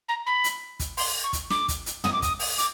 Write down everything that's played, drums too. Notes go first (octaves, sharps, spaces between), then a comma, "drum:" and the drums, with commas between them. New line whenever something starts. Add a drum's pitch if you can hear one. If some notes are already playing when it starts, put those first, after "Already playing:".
A#5
B5
drum: hi-hat
drum: kick, hi-hat
C6, drum: open hi-hat
C#6
drum: kick, hi-hat
D6, drum: snare
drum: kick, hi-hat
drum: hi-hat
D#6, drum: tom
D6
D#6, drum: kick, hi-hat
drum: open hi-hat
D6, drum: hi-hat